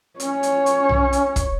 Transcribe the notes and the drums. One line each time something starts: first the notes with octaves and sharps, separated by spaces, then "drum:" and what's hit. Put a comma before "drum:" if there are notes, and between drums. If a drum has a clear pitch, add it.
C#4 C#5, drum: hi-hat
drum: hi-hat
drum: hi-hat
drum: tom B1
drum: hi-hat
drum: kick, hi-hat